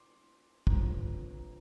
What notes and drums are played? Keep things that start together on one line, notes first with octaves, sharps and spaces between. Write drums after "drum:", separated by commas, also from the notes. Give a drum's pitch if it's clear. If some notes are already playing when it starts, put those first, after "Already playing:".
Already playing: C6 D6
G1 F2 C3 A#5, drum: kick